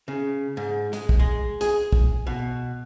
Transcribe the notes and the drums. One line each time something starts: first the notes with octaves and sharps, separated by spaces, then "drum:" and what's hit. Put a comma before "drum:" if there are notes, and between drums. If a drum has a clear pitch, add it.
C#3
G#2
G#3, drum: hi-hat
drum: kick
G#3
G#4, drum: hi-hat
drum: kick
B2